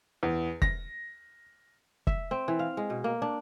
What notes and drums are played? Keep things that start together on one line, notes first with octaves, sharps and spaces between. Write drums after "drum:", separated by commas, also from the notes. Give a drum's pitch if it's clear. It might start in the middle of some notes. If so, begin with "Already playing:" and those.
E2
A#6, drum: kick
E5, drum: kick
C4
E3
F5
G#3
B2
A#3
D4